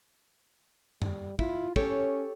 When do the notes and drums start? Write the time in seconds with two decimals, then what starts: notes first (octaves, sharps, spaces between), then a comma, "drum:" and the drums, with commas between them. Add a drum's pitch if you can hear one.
1.02 G3, drum: tom F#2
1.39 E4 F4, drum: kick
1.76 C#4 G4 A4 C#5, drum: kick